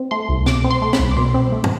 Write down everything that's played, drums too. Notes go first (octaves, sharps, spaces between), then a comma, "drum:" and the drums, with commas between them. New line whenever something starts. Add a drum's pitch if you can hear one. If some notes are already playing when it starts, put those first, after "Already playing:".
Already playing: C4
A3 C6
C2
B2 D6, drum: snare
C4
C6
A3
B5, drum: snare
C2
D6
B2 C6
C4
A3
drum: tom